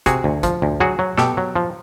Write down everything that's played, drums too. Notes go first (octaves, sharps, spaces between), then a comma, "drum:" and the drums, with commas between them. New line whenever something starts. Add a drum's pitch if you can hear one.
C3 F#4 G#4, drum: kick, hi-hat
D2
F3, drum: kick, hi-hat
D2
F#3 F#4 G#4
F#3
B2 G4 A4, drum: snare
F#3
F3